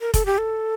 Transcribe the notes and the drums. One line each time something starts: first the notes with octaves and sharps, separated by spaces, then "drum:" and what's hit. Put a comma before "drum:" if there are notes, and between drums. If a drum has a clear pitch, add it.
A#4
A4, drum: kick F1, hi-hat
G4
A4